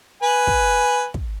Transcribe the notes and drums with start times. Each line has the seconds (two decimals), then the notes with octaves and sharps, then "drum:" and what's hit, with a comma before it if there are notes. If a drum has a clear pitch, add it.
0.22 B4 G#5
0.47 drum: kick
1.14 drum: kick